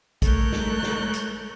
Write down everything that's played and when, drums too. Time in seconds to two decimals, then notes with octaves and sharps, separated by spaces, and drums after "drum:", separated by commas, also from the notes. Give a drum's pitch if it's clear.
0.22 A3 A4 A#4 C#5 F#6 G6, drum: kick A1, hi-hat
0.52 drum: snare
0.83 drum: snare
1.13 drum: hi-hat